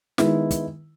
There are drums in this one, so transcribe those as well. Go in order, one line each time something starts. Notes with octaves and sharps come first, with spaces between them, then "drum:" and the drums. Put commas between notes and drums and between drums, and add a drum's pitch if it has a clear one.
D#3 G#3 B3 E4, drum: snare
drum: kick, hi-hat